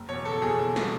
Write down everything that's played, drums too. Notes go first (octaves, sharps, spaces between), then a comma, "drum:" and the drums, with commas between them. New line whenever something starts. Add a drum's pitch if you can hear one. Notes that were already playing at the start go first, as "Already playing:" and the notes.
Already playing: F#1
E2 B2 C#5
F#1 A4
E2 B2 G#4
F#1
B2, drum: snare